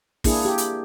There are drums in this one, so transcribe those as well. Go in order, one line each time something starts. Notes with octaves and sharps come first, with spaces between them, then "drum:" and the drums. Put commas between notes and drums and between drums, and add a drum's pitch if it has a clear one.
A#3 D4 E4 G#4, drum: kick, open hi-hat
G4
drum: hi-hat